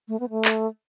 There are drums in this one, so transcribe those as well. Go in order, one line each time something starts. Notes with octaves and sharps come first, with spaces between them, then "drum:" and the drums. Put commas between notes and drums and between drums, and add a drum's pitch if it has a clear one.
A3
B3
A3
drum: clap